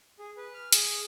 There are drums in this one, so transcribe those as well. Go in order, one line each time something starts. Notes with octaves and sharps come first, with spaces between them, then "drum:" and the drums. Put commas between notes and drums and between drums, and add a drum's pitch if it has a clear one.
G#4
B4
F6
G#4, drum: hi-hat